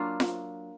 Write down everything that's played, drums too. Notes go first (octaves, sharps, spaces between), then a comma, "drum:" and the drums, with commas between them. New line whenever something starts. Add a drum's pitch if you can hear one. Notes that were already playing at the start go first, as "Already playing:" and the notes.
Already playing: F#3 A#3 D4 F4
drum: snare F4